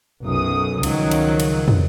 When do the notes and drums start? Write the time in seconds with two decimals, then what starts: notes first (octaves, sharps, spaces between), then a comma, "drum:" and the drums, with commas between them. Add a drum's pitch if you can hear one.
0.25 B1 F#2 D#6
0.83 C#2 D#3 F3 F#3, drum: cymbal
1.11 drum: cymbal
1.40 drum: cymbal
1.68 drum: tom